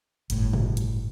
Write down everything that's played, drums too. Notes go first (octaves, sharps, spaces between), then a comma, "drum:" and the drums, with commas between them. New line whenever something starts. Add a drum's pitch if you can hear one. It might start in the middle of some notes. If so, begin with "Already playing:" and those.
G1 A2, drum: hi-hat
drum: tom A#2
drum: hi-hat